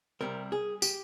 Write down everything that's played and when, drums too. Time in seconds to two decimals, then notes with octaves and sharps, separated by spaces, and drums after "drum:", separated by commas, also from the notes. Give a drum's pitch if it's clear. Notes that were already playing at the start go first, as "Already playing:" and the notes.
0.20 C2 C3 G3 C4 A#4
0.52 G#4
0.82 G4, drum: tambourine